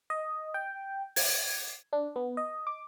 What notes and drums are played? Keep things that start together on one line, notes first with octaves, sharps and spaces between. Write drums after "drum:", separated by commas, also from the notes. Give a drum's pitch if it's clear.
D#5
G5
G#6, drum: open hi-hat
D4
B3
D#5
D6